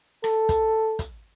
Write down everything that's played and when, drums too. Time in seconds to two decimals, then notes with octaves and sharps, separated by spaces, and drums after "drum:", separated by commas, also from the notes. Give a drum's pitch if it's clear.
0.24 A4, drum: rim click
0.49 drum: kick, hi-hat
0.99 drum: kick, hi-hat